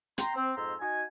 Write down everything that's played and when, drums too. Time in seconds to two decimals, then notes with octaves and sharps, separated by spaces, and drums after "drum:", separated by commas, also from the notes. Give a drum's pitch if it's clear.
0.18 G5 A#5 C6, drum: hi-hat
0.35 C4
0.55 F2 G#2 C5 A#5 C6 E6
0.80 D#4 F#4 D#5 G#5